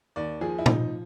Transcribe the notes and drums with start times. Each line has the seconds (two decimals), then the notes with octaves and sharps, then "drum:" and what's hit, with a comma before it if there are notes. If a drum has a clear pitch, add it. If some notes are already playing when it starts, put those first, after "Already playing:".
0.16 D#2 D5
0.41 F3 G#4
0.58 E4
0.66 F3 D#4, drum: tom